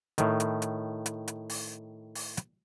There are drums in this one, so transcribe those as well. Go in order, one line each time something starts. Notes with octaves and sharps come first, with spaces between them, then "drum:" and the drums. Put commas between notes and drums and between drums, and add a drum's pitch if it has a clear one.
A2 D#3, drum: hi-hat
drum: hi-hat
drum: hi-hat
drum: hi-hat
drum: hi-hat
drum: open hi-hat
drum: open hi-hat
drum: hi-hat